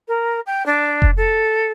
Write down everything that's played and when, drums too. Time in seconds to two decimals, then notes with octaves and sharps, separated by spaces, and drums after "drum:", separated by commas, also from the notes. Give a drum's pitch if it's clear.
0.07 A#4
0.46 G5
0.66 D4
1.02 drum: kick F1
1.16 A4